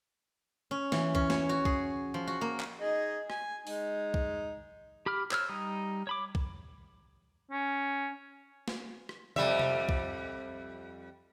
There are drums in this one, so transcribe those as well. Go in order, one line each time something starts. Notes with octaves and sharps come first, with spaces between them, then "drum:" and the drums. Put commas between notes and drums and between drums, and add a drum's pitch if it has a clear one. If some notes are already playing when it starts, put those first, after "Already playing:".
C#4
E3, drum: snare
C#4, drum: kick
C#5, drum: snare
F#4
G#4, drum: kick
F3
F#4
A#3
drum: clap
D#4 G#4 D#5
G#5, drum: rim click
G#3 D#4, drum: open hi-hat
drum: kick
G4 B5 D6 F6
C5 C#5 E6 F6, drum: clap
G3 D#4 D#6
C#5 B5 D6
drum: kick
C#4
drum: snare
drum: rim click
F2 G3 E5, drum: tom
drum: tom
drum: kick